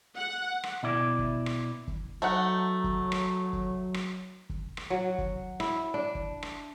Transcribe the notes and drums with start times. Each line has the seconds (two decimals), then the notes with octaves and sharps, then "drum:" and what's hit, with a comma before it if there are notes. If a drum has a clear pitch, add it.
0.17 F#5
0.63 drum: rim click
0.83 B2 E4 D5
1.19 drum: kick
1.46 drum: rim click
1.88 drum: kick
2.22 F#3 A3 D#4 F#5
2.84 drum: kick
3.12 drum: rim click
3.53 drum: kick
3.94 drum: rim click
4.50 drum: kick
4.77 drum: rim click
4.90 F#3
5.18 drum: kick
5.60 E4, drum: rim click
5.94 D4
6.15 drum: kick
6.43 drum: rim click